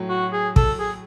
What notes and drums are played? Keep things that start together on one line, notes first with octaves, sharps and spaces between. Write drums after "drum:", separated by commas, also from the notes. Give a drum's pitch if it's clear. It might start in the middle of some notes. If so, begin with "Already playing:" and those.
Already playing: A2 F#3
F#4
G#4
A4, drum: kick
G#4